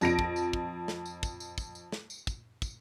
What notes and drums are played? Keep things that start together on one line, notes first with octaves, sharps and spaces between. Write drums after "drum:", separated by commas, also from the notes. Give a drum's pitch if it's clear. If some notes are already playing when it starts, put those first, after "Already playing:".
F2 A#6 D7, drum: tambourine
drum: kick
drum: tambourine
drum: kick
drum: snare
drum: tambourine
drum: kick, tambourine
drum: tambourine
drum: kick, tambourine
drum: tambourine
drum: snare
drum: tambourine
drum: kick, tambourine
drum: kick, tambourine